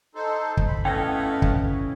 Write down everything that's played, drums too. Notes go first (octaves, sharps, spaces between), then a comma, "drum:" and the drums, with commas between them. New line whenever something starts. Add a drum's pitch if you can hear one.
D#4 A4 C5
drum: kick
B5
F2 A3 B3 C#4 E4 D#5 F5 G5
drum: kick